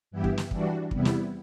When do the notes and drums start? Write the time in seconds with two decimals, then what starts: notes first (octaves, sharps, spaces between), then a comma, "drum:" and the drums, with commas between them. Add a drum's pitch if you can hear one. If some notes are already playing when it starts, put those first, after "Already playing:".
0.11 G2 E3 B3 E4 G4
0.24 drum: kick
0.38 drum: snare
0.51 E3 G3 D4 F#4, drum: kick
0.91 E2 C3 G3 B3 E4, drum: kick
1.05 drum: snare